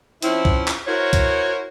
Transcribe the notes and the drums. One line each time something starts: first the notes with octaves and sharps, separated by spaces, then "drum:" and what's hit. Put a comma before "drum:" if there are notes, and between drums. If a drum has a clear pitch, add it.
F3 C4 C#4 E4, drum: hi-hat
drum: kick C2
drum: clap
E4 F#4 A#4 C5 C#5
drum: kick C2, hi-hat